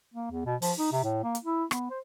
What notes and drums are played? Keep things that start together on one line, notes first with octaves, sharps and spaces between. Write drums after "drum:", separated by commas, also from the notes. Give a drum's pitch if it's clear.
A#3
E2
B2
F3, drum: open hi-hat
D#4
C3
A2
A#3
drum: hi-hat
E4
B3, drum: rim click
C5